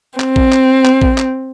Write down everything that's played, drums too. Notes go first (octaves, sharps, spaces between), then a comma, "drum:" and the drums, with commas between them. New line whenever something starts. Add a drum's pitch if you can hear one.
C4, drum: clap
drum: kick A1
drum: clap
drum: clap
drum: kick A1
drum: clap